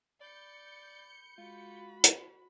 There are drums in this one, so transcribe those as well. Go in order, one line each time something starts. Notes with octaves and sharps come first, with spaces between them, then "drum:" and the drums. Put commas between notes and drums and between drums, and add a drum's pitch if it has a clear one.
D5 B5 G6 C#7
G#3 F4 F#4 B5
drum: hi-hat